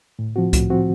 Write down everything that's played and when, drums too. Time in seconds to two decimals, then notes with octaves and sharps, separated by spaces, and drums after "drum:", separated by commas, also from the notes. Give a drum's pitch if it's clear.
0.19 A2
0.36 F3 C4 F#4
0.53 A2, drum: kick C2, hi-hat
0.70 F3 C4 F#4